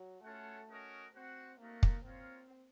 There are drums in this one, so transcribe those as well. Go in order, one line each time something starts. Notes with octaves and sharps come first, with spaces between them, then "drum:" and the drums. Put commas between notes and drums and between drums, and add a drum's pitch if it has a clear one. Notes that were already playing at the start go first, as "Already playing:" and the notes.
Already playing: F#3
A3 C#4 F4 A4 C#5 F#5
C#4 F#4 A#4 D#5
C4 F#4 C5 F#5
A3 A#3 D#4 F#4 A#4 D#5
drum: kick
C4 F4 A#4 C#5 F5